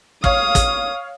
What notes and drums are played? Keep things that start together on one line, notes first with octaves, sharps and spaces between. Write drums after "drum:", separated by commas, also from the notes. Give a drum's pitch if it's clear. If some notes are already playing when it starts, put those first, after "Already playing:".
C#5 F5 D#6, drum: kick
drum: kick, hi-hat